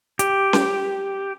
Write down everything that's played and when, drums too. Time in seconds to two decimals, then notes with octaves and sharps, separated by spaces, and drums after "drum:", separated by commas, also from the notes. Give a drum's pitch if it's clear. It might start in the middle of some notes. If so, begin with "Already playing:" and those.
0.19 G4, drum: hi-hat
0.53 drum: snare C#4